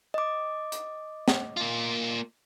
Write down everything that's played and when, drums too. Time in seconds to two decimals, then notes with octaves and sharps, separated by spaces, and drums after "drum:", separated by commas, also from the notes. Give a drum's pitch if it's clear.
0.14 D#5 D6
0.72 drum: hi-hat
1.28 drum: snare
1.57 A#3 F4